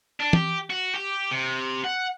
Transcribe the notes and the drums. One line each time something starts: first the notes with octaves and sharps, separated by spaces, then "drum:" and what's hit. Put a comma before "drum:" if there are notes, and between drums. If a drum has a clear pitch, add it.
D4
G4, drum: tom
F#4
G4
C3
F#5